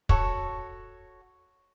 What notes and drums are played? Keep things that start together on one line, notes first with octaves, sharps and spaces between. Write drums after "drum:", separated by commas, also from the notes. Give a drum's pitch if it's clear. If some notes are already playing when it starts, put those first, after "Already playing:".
F#4 A4 C#5, drum: kick